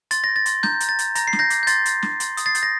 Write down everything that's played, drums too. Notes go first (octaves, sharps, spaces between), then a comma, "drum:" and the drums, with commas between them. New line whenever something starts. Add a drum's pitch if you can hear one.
C6 A6, drum: hi-hat
G6 A#6
A6
C6, drum: hi-hat
A#5 G6, drum: snare
A#5, drum: hi-hat
A6
A#5, drum: hi-hat
A#5 A#6, drum: hi-hat
C7
A#5, drum: snare
G6 A#6
D6, drum: hi-hat
G6
C6 A6, drum: hi-hat
C6, drum: hi-hat
G6, drum: snare
C6, drum: hi-hat
D#6, drum: hi-hat
A6 C7
G6, drum: hi-hat
A#6